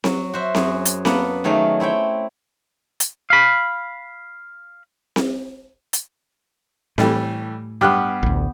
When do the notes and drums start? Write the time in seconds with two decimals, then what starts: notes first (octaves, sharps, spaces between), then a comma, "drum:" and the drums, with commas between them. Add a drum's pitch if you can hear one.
0.04 F#3, drum: snare C4
0.34 F#4 C5 E5
0.55 F#2 F#4 G#4, drum: snare C4
0.86 drum: hi-hat
1.05 A#3 B3 A4 B4 F#5, drum: snare C4
1.44 D#3 F#3 A3 G#4 F5
1.80 C4 E4 C#5 G5
3.00 drum: hi-hat
3.30 F5 B5
5.16 drum: snare C4
5.93 drum: hi-hat
6.98 A2 E3 G3 A3, drum: snare C4
7.81 G2 B3 G4 F6 F#6
8.23 A1 D2